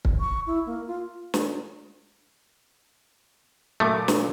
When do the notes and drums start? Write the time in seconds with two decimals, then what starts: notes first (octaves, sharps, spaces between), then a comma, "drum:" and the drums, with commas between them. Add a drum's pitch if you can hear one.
0.05 drum: kick
0.20 C#6
0.47 E4
0.66 A#3
0.87 F4
1.34 drum: snare
3.80 A#2 F#3 A3 D6
4.08 drum: snare